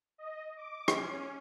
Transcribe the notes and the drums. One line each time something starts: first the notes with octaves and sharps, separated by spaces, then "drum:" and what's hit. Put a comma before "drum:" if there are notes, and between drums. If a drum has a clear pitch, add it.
D#5
D6
C#4, drum: rim click